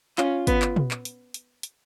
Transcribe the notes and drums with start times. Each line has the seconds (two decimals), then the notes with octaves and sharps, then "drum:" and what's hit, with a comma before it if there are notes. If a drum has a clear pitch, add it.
0.18 C#4 F4, drum: clap
0.47 B3, drum: kick, hi-hat
0.62 drum: clap
0.76 drum: tom
0.91 drum: clap
1.05 drum: hi-hat
1.34 drum: hi-hat
1.63 drum: hi-hat